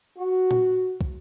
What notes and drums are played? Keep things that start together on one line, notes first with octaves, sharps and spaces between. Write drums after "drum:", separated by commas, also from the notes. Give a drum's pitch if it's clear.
F#4
drum: tom A#2
drum: kick